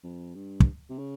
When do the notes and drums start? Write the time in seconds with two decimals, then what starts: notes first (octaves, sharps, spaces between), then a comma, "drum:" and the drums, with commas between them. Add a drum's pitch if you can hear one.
0.04 F2
0.35 G2
0.60 drum: kick
0.90 C3
0.99 C#3